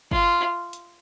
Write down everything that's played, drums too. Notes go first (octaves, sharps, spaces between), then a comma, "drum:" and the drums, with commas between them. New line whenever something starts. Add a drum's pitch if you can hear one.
F4, drum: kick G1
drum: hi-hat